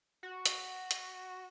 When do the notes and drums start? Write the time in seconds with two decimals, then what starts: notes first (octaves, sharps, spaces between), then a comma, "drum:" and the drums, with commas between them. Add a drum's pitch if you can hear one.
0.23 F#4
0.46 drum: hi-hat
0.91 drum: hi-hat